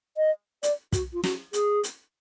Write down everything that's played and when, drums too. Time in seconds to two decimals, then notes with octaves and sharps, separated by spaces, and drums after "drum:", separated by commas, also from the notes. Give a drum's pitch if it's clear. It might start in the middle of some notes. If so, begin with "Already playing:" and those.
0.17 D#5
0.63 D5, drum: hi-hat
0.92 F#4, drum: kick, hi-hat
1.13 F4
1.24 F#4, drum: snare
1.53 G#4, drum: hi-hat
1.84 drum: hi-hat